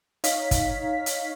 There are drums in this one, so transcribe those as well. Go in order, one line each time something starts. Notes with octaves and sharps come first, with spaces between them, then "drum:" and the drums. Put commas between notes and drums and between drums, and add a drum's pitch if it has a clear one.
D#4 C#5 F5 B6, drum: hi-hat
drum: kick, hi-hat
drum: hi-hat